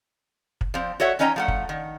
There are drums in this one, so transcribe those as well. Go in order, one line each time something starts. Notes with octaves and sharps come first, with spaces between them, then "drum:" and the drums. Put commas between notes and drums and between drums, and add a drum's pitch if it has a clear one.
drum: kick
F3 C4
F#4 A4 C#5 E5 F#5
E3 C#4 D#4 D#5 G5 A#5
F3 A3 F#5
drum: kick
D#3